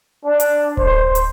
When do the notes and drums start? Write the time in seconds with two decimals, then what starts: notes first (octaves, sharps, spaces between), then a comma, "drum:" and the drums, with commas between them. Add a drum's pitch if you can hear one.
0.25 D4
0.40 drum: hi-hat
0.77 C5, drum: kick D1
1.15 drum: hi-hat